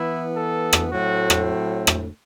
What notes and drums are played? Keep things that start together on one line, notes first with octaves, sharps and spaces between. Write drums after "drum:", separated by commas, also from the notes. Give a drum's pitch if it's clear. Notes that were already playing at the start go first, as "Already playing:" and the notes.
Already playing: E3 B3 E4
A4
drum: rim click
A2 F#3 A3 C4 F#4
drum: rim click
drum: rim click